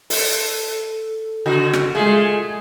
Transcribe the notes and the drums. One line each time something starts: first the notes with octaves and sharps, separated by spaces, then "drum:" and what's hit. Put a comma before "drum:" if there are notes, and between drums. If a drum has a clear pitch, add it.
A4, drum: open hi-hat
C#3 F#4
drum: rim click
G#3 A3 F4 G#4